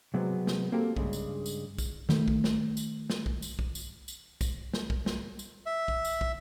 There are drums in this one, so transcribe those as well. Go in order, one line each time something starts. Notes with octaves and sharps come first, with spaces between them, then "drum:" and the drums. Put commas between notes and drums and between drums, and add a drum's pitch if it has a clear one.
C3 F#3 G#3 B3 C4
drum: snare
A#3 C4 F#4 G4 A4 A#4
G2 C#3 G#3, drum: kick
drum: tambourine
drum: tambourine
drum: kick, tambourine
D#3 A3, drum: snare
drum: kick
drum: snare
drum: tambourine
drum: snare
drum: kick
drum: tambourine
drum: kick
drum: tambourine
drum: tambourine
drum: kick, tambourine
drum: snare
drum: kick
drum: snare
drum: tambourine
E5
drum: kick
drum: tambourine
drum: kick